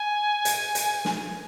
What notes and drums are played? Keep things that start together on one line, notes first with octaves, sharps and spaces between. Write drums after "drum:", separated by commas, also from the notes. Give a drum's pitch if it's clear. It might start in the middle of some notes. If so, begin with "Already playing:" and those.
Already playing: G#5
drum: hi-hat
drum: hi-hat
drum: snare